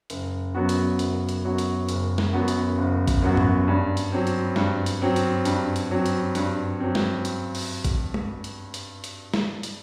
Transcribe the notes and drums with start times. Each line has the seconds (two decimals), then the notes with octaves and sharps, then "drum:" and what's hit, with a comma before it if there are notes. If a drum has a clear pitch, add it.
0.10 F#1, drum: hi-hat
0.55 F#2 F#3 B3 F#4
0.69 drum: hi-hat
0.99 F#1, drum: hi-hat
1.29 drum: hi-hat
1.44 F#2 F#3 B3 F#4
1.58 drum: hi-hat
1.89 F#1, drum: hi-hat
2.18 drum: snare
2.33 F#2 F#3 B3 F#4
2.48 drum: hi-hat
2.78 F#1
3.07 drum: kick, hi-hat
3.22 F#2 F#3 B3 F#4
3.37 drum: tom G#2
3.68 G2
3.97 drum: hi-hat
4.12 F#3 C4
4.27 drum: hi-hat
4.56 G2, drum: snare
4.86 drum: hi-hat
5.02 F#3 C4
5.16 drum: hi-hat
5.45 G2, drum: hi-hat
5.76 drum: hi-hat
5.91 F#3 C4
6.06 drum: hi-hat
6.35 G2, drum: hi-hat
6.80 F#3 C4
6.95 drum: snare
7.25 drum: hi-hat
7.55 drum: open hi-hat
7.84 drum: kick, hi-hat
8.14 drum: tom
8.44 drum: hi-hat
8.74 drum: hi-hat
9.04 drum: hi-hat
9.34 drum: snare
9.63 drum: hi-hat